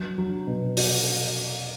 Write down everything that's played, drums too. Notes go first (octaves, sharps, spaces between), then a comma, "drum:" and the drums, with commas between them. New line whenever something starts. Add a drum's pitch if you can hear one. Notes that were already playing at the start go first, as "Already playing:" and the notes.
Already playing: F#3
F#3
B2
F#4, drum: open hi-hat